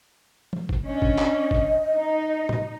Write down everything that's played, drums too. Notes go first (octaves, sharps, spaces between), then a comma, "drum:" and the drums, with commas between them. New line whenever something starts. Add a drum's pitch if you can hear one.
drum: tom F3
drum: kick
C#4 D4 D#5
drum: kick
drum: clap
drum: kick
D#4
drum: tom A2